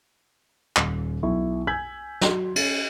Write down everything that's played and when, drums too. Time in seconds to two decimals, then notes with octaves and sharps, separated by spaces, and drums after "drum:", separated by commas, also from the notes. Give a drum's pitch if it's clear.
0.76 D#1, drum: clap
1.23 B1 E4 C#6
1.67 G#5 E6 G6 G#6 B6 F#7
2.21 F#3 C6, drum: snare
2.56 C#4, drum: cymbal